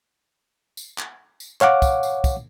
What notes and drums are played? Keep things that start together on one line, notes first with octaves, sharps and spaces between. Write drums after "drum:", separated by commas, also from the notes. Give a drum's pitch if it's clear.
drum: tambourine
drum: clap
drum: tambourine
C#5 F5 F#5 D6, drum: clap
drum: kick, tambourine
drum: tambourine
drum: kick, tambourine